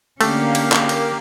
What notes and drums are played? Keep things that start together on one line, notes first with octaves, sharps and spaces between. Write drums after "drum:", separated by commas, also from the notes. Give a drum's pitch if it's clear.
D3 A3 A#3 C#4 G4 F5, drum: cymbal
drum: cymbal
drum: clap
drum: cymbal